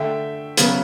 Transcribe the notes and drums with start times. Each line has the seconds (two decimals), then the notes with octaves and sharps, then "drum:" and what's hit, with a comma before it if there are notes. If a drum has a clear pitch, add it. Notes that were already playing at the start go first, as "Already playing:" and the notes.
Already playing: D3 A3 E5 G5
0.57 C#3 F#3 B3, drum: hi-hat